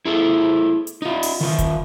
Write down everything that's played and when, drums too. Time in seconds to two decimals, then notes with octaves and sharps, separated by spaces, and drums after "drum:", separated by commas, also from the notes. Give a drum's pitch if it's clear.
0.06 E4 G#4 A4
0.87 drum: hi-hat
1.02 D#4 F4
1.23 drum: open hi-hat
1.41 D#3 F4
1.58 drum: kick E1, hi-hat